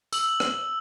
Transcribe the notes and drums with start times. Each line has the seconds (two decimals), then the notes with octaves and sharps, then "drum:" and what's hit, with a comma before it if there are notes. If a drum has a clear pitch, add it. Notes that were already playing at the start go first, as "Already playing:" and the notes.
0.13 E6 F#7, drum: tambourine
0.40 drum: rim click